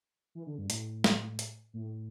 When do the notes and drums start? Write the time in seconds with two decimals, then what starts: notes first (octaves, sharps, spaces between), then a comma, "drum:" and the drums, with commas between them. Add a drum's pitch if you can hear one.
0.35 E3
0.47 D3
0.58 G2
0.70 A2, drum: hi-hat
1.04 drum: snare
1.39 drum: hi-hat
1.73 A2